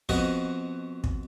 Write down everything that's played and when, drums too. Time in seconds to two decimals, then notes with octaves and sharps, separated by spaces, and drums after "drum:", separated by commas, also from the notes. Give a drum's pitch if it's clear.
0.09 F2 B2 F#4 D#5, drum: kick
1.04 drum: kick